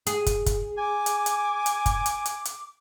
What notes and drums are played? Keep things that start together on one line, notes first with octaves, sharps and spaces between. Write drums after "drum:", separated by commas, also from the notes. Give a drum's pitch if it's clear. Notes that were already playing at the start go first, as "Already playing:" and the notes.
G#4, drum: hi-hat
drum: kick, hi-hat
drum: kick, hi-hat
G#5 D6
drum: hi-hat
drum: hi-hat
drum: hi-hat
drum: kick, hi-hat
drum: hi-hat
drum: hi-hat
drum: hi-hat